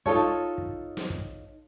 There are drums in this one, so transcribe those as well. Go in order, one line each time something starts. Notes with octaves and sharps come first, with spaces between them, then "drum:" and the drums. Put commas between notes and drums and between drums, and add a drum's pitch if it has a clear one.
D#4 F4 A4 C#5, drum: kick
drum: kick
drum: snare
drum: kick